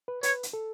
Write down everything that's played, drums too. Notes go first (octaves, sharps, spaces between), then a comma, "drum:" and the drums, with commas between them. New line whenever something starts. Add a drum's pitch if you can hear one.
B4
B4 C#5, drum: hi-hat
drum: hi-hat
A4